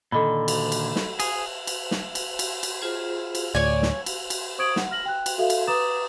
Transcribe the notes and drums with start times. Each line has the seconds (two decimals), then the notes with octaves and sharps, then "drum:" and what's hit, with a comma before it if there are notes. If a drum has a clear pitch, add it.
0.12 A#2 D3 D#3 A4 D#5 B5
0.48 drum: cymbal
0.72 drum: cymbal
0.96 drum: snare
1.20 G#4, drum: cymbal
1.67 drum: cymbal
1.91 drum: snare
2.15 drum: cymbal
2.39 drum: cymbal
2.63 drum: cymbal
2.81 F4 G#4 C5
3.35 drum: cymbal
3.55 D2 A2 C#5 D5 G#5
3.83 drum: snare
4.06 drum: cymbal
4.30 drum: cymbal
4.58 C5 C#6 D#6 G#6 D7 F#7
4.76 F#5, drum: snare
4.91 F6 A#6 F#7
5.05 G5 F#6
5.26 drum: cymbal
5.38 F#4 A4 E5 F5
5.50 drum: cymbal
5.67 B4 A#5 D6 D#6 A6 E7